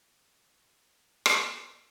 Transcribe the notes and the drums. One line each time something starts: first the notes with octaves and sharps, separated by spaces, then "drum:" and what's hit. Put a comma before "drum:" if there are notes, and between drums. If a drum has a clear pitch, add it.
G#4
A#4
G2 F3 G#3
F2 C#3 G#3
drum: rim click
F2 C#3 G#3 G#4